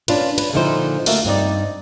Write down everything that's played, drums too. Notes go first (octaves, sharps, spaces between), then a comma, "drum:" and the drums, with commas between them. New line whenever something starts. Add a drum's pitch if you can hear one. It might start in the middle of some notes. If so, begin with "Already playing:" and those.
C#4 D4 F4 B4, drum: cymbal
B4, drum: cymbal
A#2 D3 F3 D#4 E4 C5
A3 A#3 F4 F#4 A#4 E5, drum: open hi-hat
G2 C4 D#4 D5